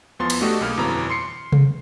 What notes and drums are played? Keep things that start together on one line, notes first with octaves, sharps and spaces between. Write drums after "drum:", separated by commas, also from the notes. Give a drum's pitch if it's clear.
E2 F3 B3 C6 A6
drum: cymbal
A3 D4 F#4 G4 D#5
B1 A#3 G#4 D6 F6
G1 F2 B2 E3 A#5 D6
C6 C7 C#7
drum: tom C3